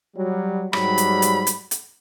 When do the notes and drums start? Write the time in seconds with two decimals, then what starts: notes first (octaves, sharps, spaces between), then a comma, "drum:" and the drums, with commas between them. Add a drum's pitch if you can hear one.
0.16 F#3 G3
0.73 G#2 F#3 G3 B5, drum: rim click
0.98 drum: hi-hat
1.22 drum: hi-hat
1.47 drum: hi-hat
1.71 drum: hi-hat